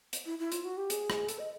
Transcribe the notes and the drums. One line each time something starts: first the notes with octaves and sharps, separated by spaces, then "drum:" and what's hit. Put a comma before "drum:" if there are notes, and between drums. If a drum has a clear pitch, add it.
drum: hi-hat
E4
E4
F4, drum: hi-hat
F#4
G4
G#4, drum: hi-hat
drum: rim click
A4, drum: hi-hat
D#5